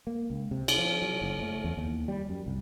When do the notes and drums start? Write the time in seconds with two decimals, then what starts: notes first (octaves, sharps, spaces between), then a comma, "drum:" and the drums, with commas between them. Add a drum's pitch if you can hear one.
0.07 A#3
0.30 C#2
0.51 C3
0.68 drum: cymbal
0.78 F3
1.02 F#3
1.21 F#1
1.41 A3
1.64 E2
1.77 D#2
2.08 G3
2.29 F#2
2.46 C2